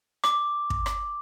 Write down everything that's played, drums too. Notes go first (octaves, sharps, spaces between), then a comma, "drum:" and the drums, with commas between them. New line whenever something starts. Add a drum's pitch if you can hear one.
D6, drum: rim click
drum: kick
drum: rim click